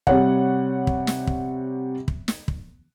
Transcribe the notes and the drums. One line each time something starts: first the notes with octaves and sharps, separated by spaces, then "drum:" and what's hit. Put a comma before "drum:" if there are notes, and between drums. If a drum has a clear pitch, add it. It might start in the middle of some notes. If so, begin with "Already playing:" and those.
C3 G3 C#5 F#5, drum: kick
drum: kick
drum: snare
drum: kick
drum: kick
drum: snare
drum: kick